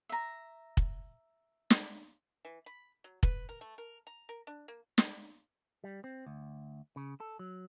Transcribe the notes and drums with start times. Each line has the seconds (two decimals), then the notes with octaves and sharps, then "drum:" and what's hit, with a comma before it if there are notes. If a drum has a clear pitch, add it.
0.09 E5 A#5
0.77 drum: kick
1.70 drum: snare
2.45 E3
2.66 B5
3.04 F#3
3.23 B4, drum: kick
3.49 A#4
3.61 A3
3.78 A#4
4.07 A#5
4.29 A#4
4.47 D4
4.68 A#3
4.98 drum: snare
5.84 G3
6.04 C4
6.26 D2
6.96 C#3
7.20 A4
7.39 F#3